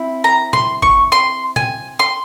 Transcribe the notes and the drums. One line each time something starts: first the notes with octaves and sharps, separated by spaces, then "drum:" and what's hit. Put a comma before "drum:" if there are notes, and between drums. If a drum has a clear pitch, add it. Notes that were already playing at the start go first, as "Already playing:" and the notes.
Already playing: C4 E4
A#5
C6, drum: tom A#2
C#6, drum: kick G#1
C6
G#5, drum: tom A#2
C6